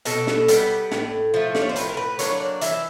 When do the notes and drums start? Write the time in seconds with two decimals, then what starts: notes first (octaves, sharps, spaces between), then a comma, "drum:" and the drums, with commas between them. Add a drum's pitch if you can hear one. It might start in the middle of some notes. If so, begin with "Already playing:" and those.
0.05 B2 A4, drum: hi-hat
0.27 drum: snare
0.48 G3 B3, drum: hi-hat
0.91 A2, drum: snare
1.34 F3 A3
1.55 D5, drum: snare
1.61 C#5
1.69 C5
1.76 A2 B4, drum: hi-hat
1.89 A#4
1.97 B4
2.19 F#3 A#3 D4 C#5, drum: hi-hat
2.40 D5
2.61 E3 E5, drum: hi-hat